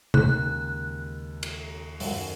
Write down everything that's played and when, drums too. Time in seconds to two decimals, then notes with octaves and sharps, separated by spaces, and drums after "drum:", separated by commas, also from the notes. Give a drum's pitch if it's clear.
0.14 D#2 C#3 G#3 F#6, drum: tom C3
1.43 drum: cymbal
2.00 F#2 D#3 F#3, drum: open hi-hat